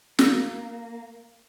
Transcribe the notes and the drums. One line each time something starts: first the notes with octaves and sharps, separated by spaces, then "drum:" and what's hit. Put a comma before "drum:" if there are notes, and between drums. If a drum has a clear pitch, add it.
A#3, drum: snare